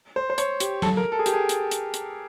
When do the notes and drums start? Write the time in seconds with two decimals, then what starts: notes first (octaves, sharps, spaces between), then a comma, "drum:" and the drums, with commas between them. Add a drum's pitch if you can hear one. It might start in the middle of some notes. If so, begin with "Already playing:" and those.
0.16 C5
0.30 C5
0.38 C#5, drum: hi-hat
0.60 G4, drum: hi-hat
0.82 A4, drum: tom F#3
0.97 A#4
1.12 A4
1.19 G#4
1.26 G4, drum: hi-hat
1.33 G#4
1.49 drum: hi-hat
1.71 drum: hi-hat
1.94 drum: hi-hat